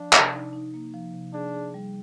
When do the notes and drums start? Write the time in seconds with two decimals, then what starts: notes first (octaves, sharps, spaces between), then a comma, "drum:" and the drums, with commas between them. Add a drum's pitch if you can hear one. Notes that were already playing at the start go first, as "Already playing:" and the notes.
Already playing: F3 D4
0.13 C3, drum: clap
0.33 D#4
0.53 D#4
0.74 A#3
0.94 F3
1.13 C3
1.34 D4 G#4
1.54 G#4
1.74 G3